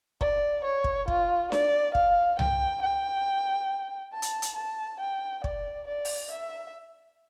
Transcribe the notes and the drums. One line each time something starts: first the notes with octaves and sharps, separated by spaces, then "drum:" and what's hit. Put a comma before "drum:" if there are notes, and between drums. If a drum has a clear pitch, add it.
D5, drum: kick
C#5
drum: kick
F4, drum: kick
D5, drum: snare D4
F5, drum: kick
G5, drum: tom C2
G5
A5
drum: hi-hat
drum: hi-hat
A5
G5
D5, drum: kick
D5
drum: open hi-hat
E5